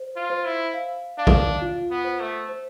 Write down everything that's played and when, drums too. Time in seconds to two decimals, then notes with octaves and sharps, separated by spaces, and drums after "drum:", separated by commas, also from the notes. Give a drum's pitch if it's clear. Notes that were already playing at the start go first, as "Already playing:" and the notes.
Already playing: C5
0.16 F4
0.30 C5
0.45 E4
0.74 F5
1.18 D4 F5
1.27 drum: kick
1.62 F4
1.91 B3
2.04 C5
2.20 A3
2.49 C5